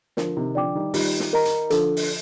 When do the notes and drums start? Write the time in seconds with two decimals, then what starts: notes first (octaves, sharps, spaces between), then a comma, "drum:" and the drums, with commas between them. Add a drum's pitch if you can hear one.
0.17 D3 F3 A#4, drum: snare
0.37 C3 D#3
0.55 D3 F3 D5 G5 D6
0.75 D#3 G3
0.94 D#3 G3 F4, drum: open hi-hat
1.20 drum: snare
1.33 A#4 D#5 A#5
1.45 drum: hi-hat
1.70 D3 F3 A4, drum: hi-hat
1.97 drum: open hi-hat